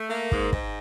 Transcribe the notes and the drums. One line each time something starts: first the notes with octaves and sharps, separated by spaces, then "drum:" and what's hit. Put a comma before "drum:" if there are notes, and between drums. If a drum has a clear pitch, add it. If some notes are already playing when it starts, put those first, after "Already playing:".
Already playing: A3
A#3
G#2, drum: kick
G#2, drum: kick